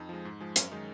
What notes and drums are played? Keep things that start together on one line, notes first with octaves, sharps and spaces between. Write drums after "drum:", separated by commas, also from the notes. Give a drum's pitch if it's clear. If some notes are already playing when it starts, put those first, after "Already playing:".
Already playing: F2 D#4
F3 G#3
G#2
F3 G#3
F#2 C#4, drum: hi-hat
D#3 G#3 D#4